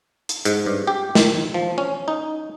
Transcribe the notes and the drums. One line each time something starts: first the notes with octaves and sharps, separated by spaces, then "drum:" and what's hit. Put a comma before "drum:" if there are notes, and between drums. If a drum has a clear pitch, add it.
drum: hi-hat
G#2, drum: hi-hat
G2
G4
D#3, drum: snare
F3
C#4
D#4